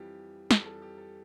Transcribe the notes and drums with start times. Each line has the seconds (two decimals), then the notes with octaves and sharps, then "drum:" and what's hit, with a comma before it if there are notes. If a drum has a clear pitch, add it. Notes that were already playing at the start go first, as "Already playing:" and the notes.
Already playing: F2 E3 G3 G4
0.51 F2 E3 G3 A4, drum: snare
0.66 A4
0.82 G4
0.98 A4